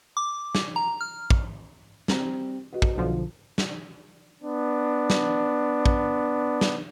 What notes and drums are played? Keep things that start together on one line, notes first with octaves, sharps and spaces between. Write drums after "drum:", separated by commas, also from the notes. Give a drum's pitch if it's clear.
D6
drum: snare
A#5
F6
drum: kick
G3 C4 A#5, drum: snare
F#4 B4 D#5
drum: kick
B1 D3 F3
drum: snare
B3 D4
drum: snare
drum: kick
drum: snare